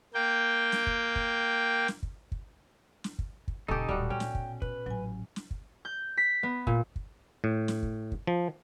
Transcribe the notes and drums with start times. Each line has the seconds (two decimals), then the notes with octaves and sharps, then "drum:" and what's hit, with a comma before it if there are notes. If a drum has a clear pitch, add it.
0.14 A#3 G5
0.72 drum: snare
0.87 drum: kick
1.16 drum: kick
1.88 drum: snare
2.03 drum: kick
2.32 drum: kick
3.04 drum: snare
3.19 drum: kick
3.48 drum: kick
3.68 D#1 C#3 D#4 G4 A4 G#5 C#6 D#6
3.89 D1 A#2 G3 F#4
4.10 B2 C#4 G5
4.20 drum: snare
4.35 drum: kick
4.62 B4, drum: kick
4.86 A1 F#3 G#5
5.36 drum: snare
5.51 drum: kick
5.85 G6
6.17 B6
6.43 B3
6.67 A#2, drum: kick
6.96 drum: kick
7.44 A2
7.68 drum: snare
7.83 drum: kick
8.12 drum: kick
8.27 F3